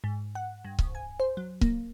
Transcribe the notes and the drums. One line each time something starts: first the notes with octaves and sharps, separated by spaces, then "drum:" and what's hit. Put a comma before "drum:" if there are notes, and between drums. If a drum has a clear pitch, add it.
G#2
F#5
G2
C2, drum: kick C#1
G#5
C5
F#3
A#3, drum: kick C#1